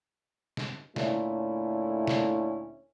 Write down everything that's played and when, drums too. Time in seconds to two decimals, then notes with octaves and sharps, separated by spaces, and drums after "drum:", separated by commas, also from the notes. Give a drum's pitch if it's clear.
0.57 drum: snare
0.96 D2 A#2 A3 C#4 E4, drum: snare
2.07 drum: snare